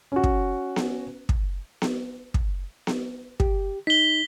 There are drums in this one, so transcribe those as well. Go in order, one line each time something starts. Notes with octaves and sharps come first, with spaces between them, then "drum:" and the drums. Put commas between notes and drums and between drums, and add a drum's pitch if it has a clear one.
C#4 F#4
drum: kick
drum: snare B3
drum: kick
drum: snare B3
drum: kick
drum: snare B3
G4, drum: kick
D#4 B6 G7